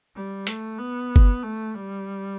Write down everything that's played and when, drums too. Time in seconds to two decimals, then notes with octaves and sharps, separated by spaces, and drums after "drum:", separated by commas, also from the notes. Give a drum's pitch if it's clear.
0.15 G3
0.47 A3, drum: hi-hat
0.78 B3
1.16 drum: kick G1
1.42 A3
1.74 G3